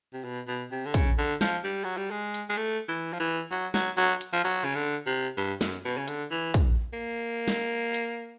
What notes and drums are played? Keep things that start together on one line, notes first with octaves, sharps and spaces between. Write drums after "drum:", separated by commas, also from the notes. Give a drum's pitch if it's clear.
C3
B2
B2
C3
D3
C#3, drum: kick, hi-hat
D3
F3, drum: snare
G3
F#3
G3
G#3
drum: hi-hat
G#3
A3
E3
F3
E3
F#3
F#3, drum: snare
F#3
drum: hi-hat
F3
F#3
C#3
D3
C3
G2
F#2, drum: snare
B2
C#3
D3, drum: hi-hat
E3
drum: kick, hi-hat
A#3
drum: snare
drum: hi-hat